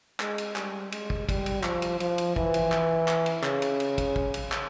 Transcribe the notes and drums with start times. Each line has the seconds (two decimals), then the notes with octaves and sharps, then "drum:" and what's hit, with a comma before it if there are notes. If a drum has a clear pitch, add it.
0.20 G#3, drum: clap
0.38 drum: cymbal
0.56 G3, drum: clap
0.92 G#3, drum: cymbal
1.10 drum: kick
1.29 G3, drum: kick, cymbal
1.46 drum: cymbal
1.63 F3, drum: clap
1.82 drum: cymbal
2.00 F3, drum: cymbal
2.18 drum: cymbal
2.36 E3, drum: kick
2.54 drum: cymbal
2.72 drum: clap
3.08 drum: clap
3.26 drum: cymbal
3.43 C#3, drum: clap
3.62 drum: cymbal
3.80 drum: cymbal
3.98 drum: kick, cymbal
4.16 drum: kick
4.34 drum: cymbal
4.52 drum: clap